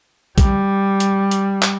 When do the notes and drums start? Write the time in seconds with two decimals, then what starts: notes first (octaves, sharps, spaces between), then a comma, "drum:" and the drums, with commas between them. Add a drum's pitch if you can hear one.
0.38 G3, drum: kick, hi-hat
1.00 drum: hi-hat
1.31 drum: hi-hat
1.63 drum: clap